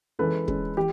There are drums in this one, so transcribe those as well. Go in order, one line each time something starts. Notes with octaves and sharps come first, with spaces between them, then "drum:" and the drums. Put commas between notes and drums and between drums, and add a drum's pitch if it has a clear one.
E3 G#3 C#4 A4 B4
E3 G#3 C#4, drum: kick
E3 G4